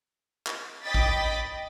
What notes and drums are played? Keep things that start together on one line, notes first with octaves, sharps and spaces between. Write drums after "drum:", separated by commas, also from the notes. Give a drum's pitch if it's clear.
drum: clap
D#5 G5 B5 D6 A6 B6
drum: kick